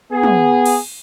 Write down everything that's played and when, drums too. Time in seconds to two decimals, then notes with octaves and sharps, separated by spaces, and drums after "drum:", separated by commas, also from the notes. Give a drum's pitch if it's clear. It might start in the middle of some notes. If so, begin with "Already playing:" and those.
0.12 B3 G#4
0.23 drum: tom
0.66 drum: cymbal